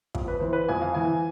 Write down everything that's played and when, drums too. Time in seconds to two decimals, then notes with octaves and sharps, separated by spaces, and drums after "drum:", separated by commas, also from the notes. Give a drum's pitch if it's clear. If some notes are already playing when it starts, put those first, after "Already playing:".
0.15 F2, drum: kick
0.28 B4
0.40 E3 C5
0.53 B4
0.68 F2 G#5
0.82 F5
0.94 E3 G#5